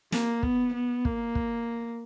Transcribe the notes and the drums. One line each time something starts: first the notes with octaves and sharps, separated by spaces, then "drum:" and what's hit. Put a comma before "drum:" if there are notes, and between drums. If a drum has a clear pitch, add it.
A#3, drum: snare
B3, drum: kick
B3
A#3, drum: kick
drum: kick